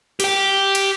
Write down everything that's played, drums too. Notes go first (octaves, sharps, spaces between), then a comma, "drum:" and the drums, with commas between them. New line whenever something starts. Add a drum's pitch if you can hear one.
G4 G5, drum: cymbal
drum: cymbal